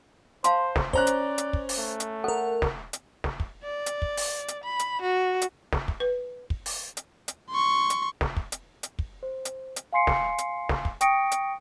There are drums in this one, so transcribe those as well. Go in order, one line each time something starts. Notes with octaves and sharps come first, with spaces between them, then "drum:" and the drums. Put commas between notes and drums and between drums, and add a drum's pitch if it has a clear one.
C5 F5 A5 C6, drum: hi-hat
drum: snare
C#4 C5 D5 A#5 F#6, drum: kick
drum: hi-hat
drum: hi-hat
drum: kick
drum: open hi-hat
A3
drum: hi-hat
A4 A#4 F#5
drum: snare
drum: hi-hat
drum: snare
drum: kick
D5
drum: hi-hat
drum: kick
drum: open hi-hat
drum: hi-hat
B5
drum: hi-hat
F#4
drum: hi-hat
drum: snare
drum: kick
B4
drum: kick
drum: open hi-hat
drum: hi-hat
drum: hi-hat
C6 C#6
drum: hi-hat
drum: snare
drum: kick
drum: hi-hat
drum: hi-hat
drum: kick
C5
drum: hi-hat
drum: hi-hat
F5 G#5 C6 C7 C#7
drum: snare
drum: hi-hat
drum: snare
drum: kick
G5 C#6 D#6 A#6 C#7 D7, drum: hi-hat
drum: hi-hat